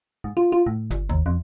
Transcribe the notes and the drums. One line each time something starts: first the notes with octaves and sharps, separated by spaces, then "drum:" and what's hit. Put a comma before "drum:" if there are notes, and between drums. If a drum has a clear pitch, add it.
G#2
F4
F4
A2
G1, drum: hi-hat
D#2, drum: kick
F2